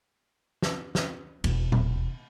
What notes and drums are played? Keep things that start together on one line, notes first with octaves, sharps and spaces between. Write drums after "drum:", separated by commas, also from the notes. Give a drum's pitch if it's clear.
drum: snare
drum: snare
E1 D#2, drum: cymbal
drum: tom A#2